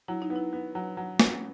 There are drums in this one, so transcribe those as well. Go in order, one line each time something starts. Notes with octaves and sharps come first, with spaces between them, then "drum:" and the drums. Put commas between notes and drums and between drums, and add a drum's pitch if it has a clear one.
F#3 E4
D#4
B3
E4
B3
F#3
F#3
F#3, drum: snare
C#4